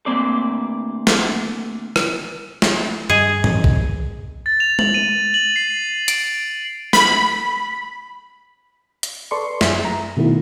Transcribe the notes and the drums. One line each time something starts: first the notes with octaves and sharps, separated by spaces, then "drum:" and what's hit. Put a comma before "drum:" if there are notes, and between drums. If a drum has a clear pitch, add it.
D2 A#3 C4 D5
drum: snare
drum: rim click
drum: snare
G2 G#4 D#5
drum: tom G#2
drum: kick B1
A6
F7
F#7, drum: tom G#3
D#7
F#7
C7
D7, drum: hi-hat
B5, drum: snare
drum: hi-hat
A4 B4 D5 C6 C#6
F#2 G#4 E5 B6, drum: snare
A#5
B2 D#3 A3 B3 E4